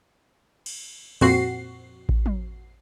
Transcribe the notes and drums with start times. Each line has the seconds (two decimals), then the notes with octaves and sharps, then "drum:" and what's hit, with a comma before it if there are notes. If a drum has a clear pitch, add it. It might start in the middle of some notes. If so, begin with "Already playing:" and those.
0.66 drum: cymbal
1.21 F2 A#2 C4 F#4 C7, drum: open hi-hat
2.09 drum: kick A1
2.26 drum: tom